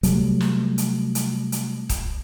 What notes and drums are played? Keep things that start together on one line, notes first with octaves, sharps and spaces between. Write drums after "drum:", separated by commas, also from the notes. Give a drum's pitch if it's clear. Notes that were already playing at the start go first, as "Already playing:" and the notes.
C3 F#3 G3 A3, drum: hi-hat
drum: snare
drum: hi-hat
drum: hi-hat
drum: hi-hat
drum: kick D#1, hi-hat